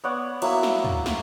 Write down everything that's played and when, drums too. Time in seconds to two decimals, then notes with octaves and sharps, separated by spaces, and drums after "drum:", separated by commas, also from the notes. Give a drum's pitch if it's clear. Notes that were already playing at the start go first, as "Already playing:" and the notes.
0.04 B3 C#5 D5 F#5
0.42 F#3 A#3 E4 F#5, drum: cymbal
0.63 drum: snare
0.85 drum: tom
1.06 drum: snare